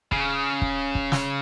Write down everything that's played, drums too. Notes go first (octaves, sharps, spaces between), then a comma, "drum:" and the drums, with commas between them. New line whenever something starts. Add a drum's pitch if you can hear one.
C#3, drum: kick
drum: kick
drum: kick
drum: snare